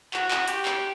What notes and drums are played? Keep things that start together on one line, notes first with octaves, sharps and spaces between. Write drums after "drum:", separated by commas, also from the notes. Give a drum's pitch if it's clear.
F#4, drum: clap
drum: clap
G4, drum: hi-hat
drum: clap